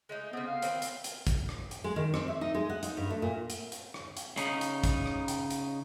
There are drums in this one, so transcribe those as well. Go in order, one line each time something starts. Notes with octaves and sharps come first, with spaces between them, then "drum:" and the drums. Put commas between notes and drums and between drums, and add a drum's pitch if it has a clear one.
G#3 A3 D#4
C#3 B3 C4
F5
D#3 E3 C4, drum: hi-hat
drum: hi-hat
drum: hi-hat
drum: kick, hi-hat
drum: rim click
drum: hi-hat
G#3
D#3
C4, drum: rim click
E5
D#4
G#3
F#5
D#4, drum: hi-hat
G2
A3
A#2
drum: hi-hat
drum: hi-hat
drum: rim click
drum: hi-hat
C#3 D#4, drum: hi-hat
drum: hi-hat
drum: kick, hi-hat
drum: rim click
drum: hi-hat
drum: hi-hat